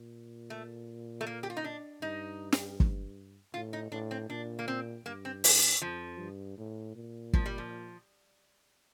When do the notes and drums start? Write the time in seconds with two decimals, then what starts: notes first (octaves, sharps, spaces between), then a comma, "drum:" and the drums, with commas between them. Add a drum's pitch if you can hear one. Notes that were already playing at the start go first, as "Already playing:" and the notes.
Already playing: A#2
0.50 A3
1.21 A3
1.27 A#3
1.43 G4
1.50 F4
1.57 D#4
1.64 D4
2.02 G2 D#4
2.52 drum: snare
2.80 drum: kick
3.54 A2 F4
3.73 D#4
3.91 A2 D4
4.11 C4
4.29 A#2 D4
4.59 A#3
4.68 C4
5.05 G2 A#3
5.25 C4
5.44 A3, drum: open hi-hat
5.82 F2 F3
6.19 G2
6.58 A2
6.95 A#2
7.34 F3, drum: kick
7.46 G3
7.58 F3